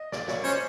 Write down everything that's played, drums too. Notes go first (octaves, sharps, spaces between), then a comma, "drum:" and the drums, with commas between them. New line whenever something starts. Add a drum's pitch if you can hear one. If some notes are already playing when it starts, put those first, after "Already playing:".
Already playing: D#5
D5, drum: snare
C#5, drum: snare
C#4 C5 C#5